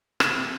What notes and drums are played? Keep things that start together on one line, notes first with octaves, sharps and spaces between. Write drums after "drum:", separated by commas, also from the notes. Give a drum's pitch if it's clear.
C3, drum: rim click
C3